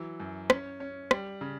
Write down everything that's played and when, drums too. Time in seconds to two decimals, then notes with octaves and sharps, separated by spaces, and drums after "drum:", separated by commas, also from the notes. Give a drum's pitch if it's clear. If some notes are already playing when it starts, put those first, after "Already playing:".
Already playing: E3 F#3
0.20 F#2
0.50 C#4, drum: rim click
0.80 C#4
1.11 G3, drum: rim click
1.41 C#3